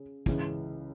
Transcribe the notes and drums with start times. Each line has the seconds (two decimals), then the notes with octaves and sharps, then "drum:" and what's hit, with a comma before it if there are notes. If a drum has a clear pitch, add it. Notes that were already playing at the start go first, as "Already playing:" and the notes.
Already playing: C#3
0.26 C#2 C#3 E3, drum: kick